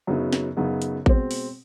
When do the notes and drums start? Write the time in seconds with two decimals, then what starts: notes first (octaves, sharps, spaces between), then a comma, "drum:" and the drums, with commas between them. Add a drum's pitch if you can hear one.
0.07 F#2 C#3 F#3 B3 D#4
0.33 drum: snare
0.57 F#2 C#3 F#3 B3 D#4
0.82 drum: hi-hat
1.06 B2 G#3 C4, drum: kick A1
1.31 drum: open hi-hat